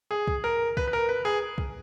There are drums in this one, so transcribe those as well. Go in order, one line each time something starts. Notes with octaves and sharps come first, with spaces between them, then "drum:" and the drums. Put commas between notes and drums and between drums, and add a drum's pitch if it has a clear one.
G#4
drum: kick
A#4
B4, drum: kick
B4
A#4
B4
G#4
drum: kick